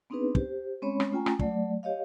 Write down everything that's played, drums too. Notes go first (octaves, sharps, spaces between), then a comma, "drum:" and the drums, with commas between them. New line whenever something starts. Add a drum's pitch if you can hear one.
B3 C4 D4 D#4 G#4 B4
G4 C5, drum: kick
G#3 C4 C#4 C#5 B5
drum: rim click
A3 C#4 F4 G5 G#5 A#5
drum: rim click
F#3 A3 D5, drum: kick
G4 C#5 D#5 F5